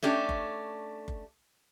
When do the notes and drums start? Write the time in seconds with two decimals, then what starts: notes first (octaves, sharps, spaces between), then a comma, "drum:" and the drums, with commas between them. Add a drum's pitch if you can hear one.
0.03 A3 C#4 D4 G4
0.29 drum: kick F#1
1.08 drum: kick F#1